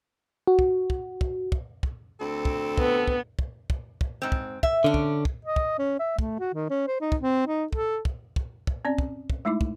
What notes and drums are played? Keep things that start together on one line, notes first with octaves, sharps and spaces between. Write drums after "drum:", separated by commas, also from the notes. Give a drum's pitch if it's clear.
F#4
drum: kick
drum: kick
drum: kick
drum: kick
drum: kick
D2 C4 A4
drum: kick
B3, drum: kick
drum: kick
drum: kick
drum: kick
drum: kick
G#2 C4
drum: kick
E5, drum: kick
D3 C#4 D4
drum: kick
drum: kick
D#5
drum: kick
C#4
E5
A3, drum: kick
F#4
D#3
C#4
C5
D#4
drum: kick
C4
D#4
A4, drum: kick
drum: kick
drum: kick
drum: kick
C4 C#4 D5
drum: kick
drum: kick
G#3 A3 D#4 E4 D6
drum: kick